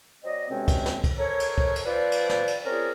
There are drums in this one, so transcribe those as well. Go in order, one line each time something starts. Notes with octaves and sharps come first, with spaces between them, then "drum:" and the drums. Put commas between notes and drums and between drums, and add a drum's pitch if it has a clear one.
F#3 C4 D5 D#5
D2 G2 C3 G#3 C4 C#4
drum: kick, cymbal
drum: snare
drum: kick, cymbal
A4 A#4 C5 C#5
drum: cymbal
drum: kick
drum: cymbal
F3 B4 C5 D5
drum: cymbal
drum: snare
drum: cymbal
C4 C#4 F4 G#4 A#4 D5